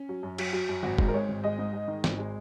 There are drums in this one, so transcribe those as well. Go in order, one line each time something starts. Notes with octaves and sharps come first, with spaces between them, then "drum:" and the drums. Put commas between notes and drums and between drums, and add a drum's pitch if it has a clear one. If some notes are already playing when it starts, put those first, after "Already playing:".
Already playing: C#4
F#3
F#2
F#3, drum: cymbal
F#3
F#2
G#1 F#4
G#2, drum: kick
A#4
G#3 C#5
G#1
G#3 D#5
G#2
G#3
D#3
G#1, drum: snare
G#3